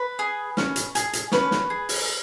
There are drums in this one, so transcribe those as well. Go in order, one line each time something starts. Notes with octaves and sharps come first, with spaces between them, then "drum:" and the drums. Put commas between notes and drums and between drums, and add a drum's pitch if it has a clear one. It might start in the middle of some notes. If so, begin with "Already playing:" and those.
Already playing: B4
G#4
C#4, drum: snare
drum: hi-hat
G#4, drum: hi-hat
drum: hi-hat
C#4 B4, drum: snare
drum: snare
G#4
drum: open hi-hat